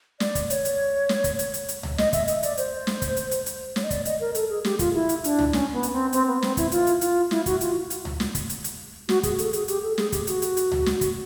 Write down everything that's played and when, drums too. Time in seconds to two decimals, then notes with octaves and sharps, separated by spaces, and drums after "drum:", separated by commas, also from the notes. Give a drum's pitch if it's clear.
0.20 D5, drum: snare
0.35 drum: kick, hi-hat
0.50 C#5, drum: hi-hat
0.65 drum: hi-hat
1.09 drum: snare
1.24 drum: kick, hi-hat
1.39 drum: hi-hat
1.54 drum: hi-hat
1.68 drum: hi-hat
1.83 drum: tom C#2
1.98 D#5, drum: snare
2.13 E5, drum: kick, hi-hat
2.28 D#5, drum: hi-hat
2.43 D5, drum: hi-hat
2.57 C5, drum: hi-hat
2.87 drum: snare
3.02 drum: kick, hi-hat
3.16 drum: hi-hat
3.31 drum: hi-hat
3.46 drum: hi-hat
3.76 C#5, drum: snare
3.84 D#5
3.90 D5, drum: kick, hi-hat
4.05 D#5, drum: hi-hat
4.20 A#4
4.35 A4, drum: hi-hat
4.50 G#4
4.65 G4, drum: snare
4.79 F4, drum: kick, hi-hat
4.94 E4
5.09 drum: hi-hat
5.24 D4, drum: hi-hat
5.39 drum: tom C#2
5.53 C#4, drum: snare
5.73 B3
5.83 drum: hi-hat
5.93 C4
6.13 C4, drum: hi-hat
6.27 B3
6.42 C4, drum: snare
6.57 E4, drum: kick, hi-hat
6.72 F4, drum: hi-hat
6.87 drum: hi-hat
7.01 F4, drum: hi-hat
7.31 E4, drum: snare
7.46 F#4, drum: kick, hi-hat
7.61 F4, drum: hi-hat
7.90 drum: hi-hat
8.05 drum: tom C#2
8.20 drum: snare
8.35 drum: kick, hi-hat
8.49 drum: hi-hat
8.64 drum: hi-hat
9.09 F#4, drum: snare
9.23 G#4, drum: kick, hi-hat
9.39 A4, drum: hi-hat
9.53 G#4, drum: hi-hat
9.68 G4, drum: hi-hat
9.83 A4
9.98 G#4, drum: snare
10.12 G4, drum: kick, hi-hat
10.27 F#4, drum: hi-hat
10.42 drum: hi-hat
10.57 drum: hi-hat
10.72 drum: tom C#2
10.86 drum: snare
11.01 drum: kick, hi-hat